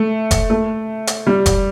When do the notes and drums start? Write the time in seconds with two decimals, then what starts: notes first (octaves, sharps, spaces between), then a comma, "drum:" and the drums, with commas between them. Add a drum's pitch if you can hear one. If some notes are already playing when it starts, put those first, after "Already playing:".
Already playing: A3
0.31 drum: kick F1, hi-hat
0.50 A3
1.07 drum: hi-hat
1.27 G3
1.46 drum: kick F1, hi-hat